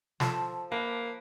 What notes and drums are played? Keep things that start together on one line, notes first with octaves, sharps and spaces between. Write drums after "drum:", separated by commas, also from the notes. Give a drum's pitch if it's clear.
F3 A4 C5, drum: snare
A#3 B4